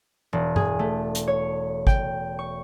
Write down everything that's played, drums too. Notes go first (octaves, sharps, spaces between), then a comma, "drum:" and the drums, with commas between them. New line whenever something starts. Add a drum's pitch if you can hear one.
E1
G#4, drum: tom G2
A3
drum: hi-hat
C#5
G5, drum: kick G#1
C#6